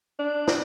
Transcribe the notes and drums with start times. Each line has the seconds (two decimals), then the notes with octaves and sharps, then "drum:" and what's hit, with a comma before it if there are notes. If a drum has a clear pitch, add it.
0.19 D4
0.48 drum: snare